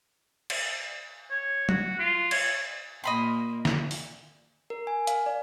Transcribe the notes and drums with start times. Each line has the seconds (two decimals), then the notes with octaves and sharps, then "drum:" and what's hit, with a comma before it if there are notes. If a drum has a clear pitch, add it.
0.50 drum: cymbal
1.31 C#5
1.69 F#4, drum: tom F#3
1.99 F4
2.31 C#5, drum: cymbal
3.04 A#2 A#3 D#5 B5 C6
3.65 drum: snare
3.91 drum: open hi-hat
4.70 A#4
4.87 G#5
5.07 F5, drum: hi-hat
5.26 D5